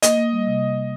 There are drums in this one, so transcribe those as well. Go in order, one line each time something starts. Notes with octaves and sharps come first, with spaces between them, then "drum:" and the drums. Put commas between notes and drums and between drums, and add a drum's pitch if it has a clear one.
A#3 D#5, drum: hi-hat
A#3
G3
C3